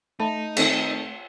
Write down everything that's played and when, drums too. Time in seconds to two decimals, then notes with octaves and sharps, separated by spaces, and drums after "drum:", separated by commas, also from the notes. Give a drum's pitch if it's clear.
0.20 A3 D#4 E5 A5 B5
0.57 D#3 C4 A4, drum: cymbal